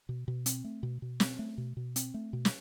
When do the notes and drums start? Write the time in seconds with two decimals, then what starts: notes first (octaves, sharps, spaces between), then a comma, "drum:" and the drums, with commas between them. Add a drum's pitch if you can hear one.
0.09 B2
0.28 B2
0.46 C4, drum: hi-hat
0.64 A3
0.83 B2
1.02 B2
1.20 C4, drum: snare
1.39 A3
1.58 B2
1.77 B2
1.96 C4, drum: hi-hat
2.14 A3
2.33 B2
2.45 drum: snare